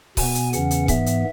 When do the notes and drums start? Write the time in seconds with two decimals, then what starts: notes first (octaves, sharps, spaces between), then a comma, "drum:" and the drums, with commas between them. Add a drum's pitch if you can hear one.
0.17 B2 B3 G#5, drum: kick C#1, open hi-hat
0.35 drum: hi-hat
0.53 E2 C#3 E3 C#4 F#5, drum: hi-hat
0.71 drum: hi-hat
0.88 G#2 E3 B3 E5, drum: kick C#1, hi-hat
1.06 drum: hi-hat